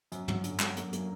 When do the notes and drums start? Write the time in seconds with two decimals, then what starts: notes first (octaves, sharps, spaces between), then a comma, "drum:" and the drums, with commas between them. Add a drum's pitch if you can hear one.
0.12 F#2, drum: hi-hat
0.28 F#3, drum: tom
0.44 F#2 D3, drum: hi-hat
0.60 F#3, drum: clap
0.76 A#3, drum: hi-hat
0.93 A#3, drum: hi-hat